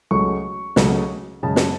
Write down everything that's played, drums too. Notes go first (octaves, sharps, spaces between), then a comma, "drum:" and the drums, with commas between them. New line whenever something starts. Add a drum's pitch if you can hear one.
C#2 C#3 F#3 A3 C#6
C#2 C#3 F#3 A3, drum: snare
F#2 C#3 G#3 A5
drum: snare